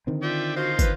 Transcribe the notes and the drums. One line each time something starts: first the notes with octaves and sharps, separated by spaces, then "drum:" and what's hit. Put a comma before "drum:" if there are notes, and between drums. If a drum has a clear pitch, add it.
D3 D#3 C4
F4 D5 E5 G5
F4 F#4 C5 D#5
B4, drum: kick, tambourine